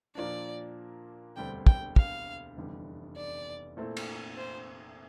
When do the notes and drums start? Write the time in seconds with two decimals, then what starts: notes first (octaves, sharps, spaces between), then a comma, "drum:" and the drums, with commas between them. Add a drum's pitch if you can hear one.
0.15 A#2 F3 A#3 D4 D5
1.36 E1 D2 D3 G3 C4 G5
1.67 G5, drum: kick
1.96 F5, drum: kick
2.57 F1 E2 D3 G3
3.16 D5
3.77 A#2 A3 C4 E4 A4
3.97 drum: cymbal
4.37 C5